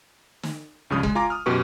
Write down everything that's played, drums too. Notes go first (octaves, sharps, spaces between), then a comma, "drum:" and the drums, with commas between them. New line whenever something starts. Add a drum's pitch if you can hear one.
drum: snare
C#2 G2 C#3 F3 D#6
G#3, drum: kick F#1
F4 G#5 A#5 D6
D#6 F6
F#2 B2 G4 B4 C#6